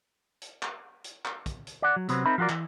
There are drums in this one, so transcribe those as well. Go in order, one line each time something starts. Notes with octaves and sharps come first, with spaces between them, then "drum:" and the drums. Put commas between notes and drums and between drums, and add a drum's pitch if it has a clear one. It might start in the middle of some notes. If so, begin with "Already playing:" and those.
drum: hi-hat
drum: clap
drum: hi-hat
drum: clap
drum: kick, hi-hat
drum: hi-hat
D5 F#5
F#3
C3 F#3 B3 C4, drum: hi-hat
C4 D#4 A#4 E5 B5
F3 F4 F#4 A#4 D5
E3, drum: clap